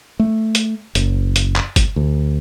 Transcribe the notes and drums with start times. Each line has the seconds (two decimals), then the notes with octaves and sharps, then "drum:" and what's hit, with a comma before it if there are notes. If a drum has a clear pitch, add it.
0.19 A3
0.55 drum: hi-hat
0.95 F#1, drum: hi-hat
1.36 drum: hi-hat
1.56 drum: clap
1.76 drum: kick G1, hi-hat
1.96 D2